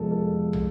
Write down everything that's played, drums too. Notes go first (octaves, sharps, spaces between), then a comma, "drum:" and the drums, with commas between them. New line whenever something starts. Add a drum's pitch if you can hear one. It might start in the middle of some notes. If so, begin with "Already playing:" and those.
Already playing: F2 C3 F3 G#3 B3 A4
A4
drum: tom